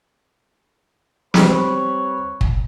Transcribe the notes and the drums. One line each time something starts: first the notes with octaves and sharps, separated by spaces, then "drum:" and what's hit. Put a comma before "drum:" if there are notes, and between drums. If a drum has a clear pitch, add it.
G3 C4 B4 C#5 B5, drum: snare
drum: kick